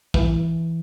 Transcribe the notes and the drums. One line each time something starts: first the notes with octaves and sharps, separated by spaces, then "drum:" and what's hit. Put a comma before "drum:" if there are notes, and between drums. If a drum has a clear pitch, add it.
E3, drum: kick